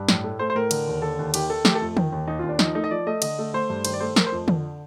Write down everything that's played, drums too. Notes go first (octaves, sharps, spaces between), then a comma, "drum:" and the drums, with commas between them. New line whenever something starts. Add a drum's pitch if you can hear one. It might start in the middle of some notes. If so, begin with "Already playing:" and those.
Already playing: G2
A2, drum: snare
A3
A3 C5
C5
A2 A#4
D3, drum: cymbal
D#2
D3 A4
D#2
D#3 G4, drum: cymbal
D#3 A4
A3 G4, drum: snare
A4
F2
D#3, drum: tom
D#2
D#2 D#4
D#2 F4
D4
F3 D#4, drum: snare
A3 D#4
D#5
F3 D5
A3 D#5
D3 D#5, drum: cymbal
A3
A3 C5
G2
D#3 C5, drum: cymbal
D5
A3 C5
A3 A#4, drum: snare
C5
F2
D3, drum: tom